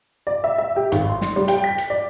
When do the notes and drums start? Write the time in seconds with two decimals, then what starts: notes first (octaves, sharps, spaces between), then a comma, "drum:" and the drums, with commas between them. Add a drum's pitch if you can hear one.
0.27 D5
0.44 E5
0.58 E5
0.76 G4
0.92 G#1, drum: hi-hat
1.10 C6
1.21 drum: snare
1.36 G3
1.48 G5, drum: hi-hat
1.64 B6
1.78 drum: hi-hat
1.90 D5